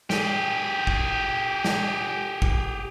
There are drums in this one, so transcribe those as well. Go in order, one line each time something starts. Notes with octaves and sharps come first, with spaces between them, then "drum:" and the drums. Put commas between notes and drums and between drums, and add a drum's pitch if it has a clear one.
G4 G#4, drum: snare
drum: kick
drum: snare
drum: kick